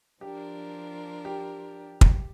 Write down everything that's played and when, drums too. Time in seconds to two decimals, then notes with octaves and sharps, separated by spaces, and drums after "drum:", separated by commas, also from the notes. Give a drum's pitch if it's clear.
0.21 F3 D4 G4 A#4
1.25 G4
2.01 drum: kick